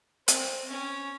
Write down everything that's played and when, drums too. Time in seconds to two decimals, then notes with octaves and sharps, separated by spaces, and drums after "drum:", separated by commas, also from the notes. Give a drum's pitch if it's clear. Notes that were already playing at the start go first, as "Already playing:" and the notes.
0.28 C4, drum: hi-hat
0.69 C#4